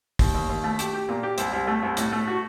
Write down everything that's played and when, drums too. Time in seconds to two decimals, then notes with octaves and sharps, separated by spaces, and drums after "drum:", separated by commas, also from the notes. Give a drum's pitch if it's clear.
0.19 D#2, drum: kick, open hi-hat
0.34 D#2
0.49 D#2
0.64 A3
0.79 G4, drum: hi-hat
0.93 G4
1.09 A#2
1.23 G4
1.38 C2, drum: hi-hat
1.53 C2
1.67 A3
1.82 C2
1.97 A2, drum: hi-hat
2.12 A3
2.28 F#4